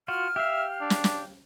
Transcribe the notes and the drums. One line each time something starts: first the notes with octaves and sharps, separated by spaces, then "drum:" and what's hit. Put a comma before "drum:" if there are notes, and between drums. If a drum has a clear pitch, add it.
F4 F#4 F6
G4 E5 F5
D4
drum: snare
drum: snare